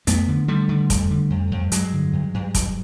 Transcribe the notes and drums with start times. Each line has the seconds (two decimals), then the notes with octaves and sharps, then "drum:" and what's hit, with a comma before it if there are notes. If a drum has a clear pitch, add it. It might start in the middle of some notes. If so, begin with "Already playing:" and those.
0.07 F2 A3 B3, drum: hi-hat
0.28 D3
0.48 D3 G3 A3
0.69 D3
0.90 F2, drum: kick, hi-hat
1.10 D3
1.30 F2
1.51 F2
1.72 G2 F#3 G#3, drum: hi-hat
1.93 D3
2.13 G2
2.34 G2
2.55 G2, drum: kick, hi-hat